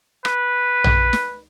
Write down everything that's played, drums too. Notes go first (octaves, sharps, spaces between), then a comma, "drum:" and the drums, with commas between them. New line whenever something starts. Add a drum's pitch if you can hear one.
B4, drum: rim click
drum: tom A#1
drum: snare